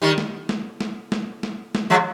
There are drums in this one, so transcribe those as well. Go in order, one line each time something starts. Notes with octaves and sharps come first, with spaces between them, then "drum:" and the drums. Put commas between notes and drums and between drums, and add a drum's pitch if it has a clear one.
D#3 G3
drum: snare
drum: snare
drum: snare
drum: snare
drum: snare
drum: snare
F3 G#3